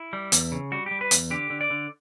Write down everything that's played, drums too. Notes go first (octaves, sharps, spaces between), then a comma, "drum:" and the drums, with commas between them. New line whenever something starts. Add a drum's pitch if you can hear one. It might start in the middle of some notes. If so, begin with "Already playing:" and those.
Already playing: E4
G3
E2, drum: hi-hat
C#3
G3 F#4
G3 G4
B4
E2, drum: hi-hat
D3 G4
D3
D5
D3